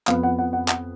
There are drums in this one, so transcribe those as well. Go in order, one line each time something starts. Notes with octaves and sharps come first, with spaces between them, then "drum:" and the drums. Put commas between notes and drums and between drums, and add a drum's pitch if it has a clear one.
F2 F3 B3 F5, drum: clap
F#5
F#5
F#5
F#5, drum: clap